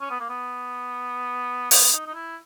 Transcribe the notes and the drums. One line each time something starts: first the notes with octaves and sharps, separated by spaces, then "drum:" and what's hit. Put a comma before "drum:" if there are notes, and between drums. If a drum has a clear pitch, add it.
C#4
B3
A#3
B3
B3, drum: open hi-hat
D#4
D#4
E4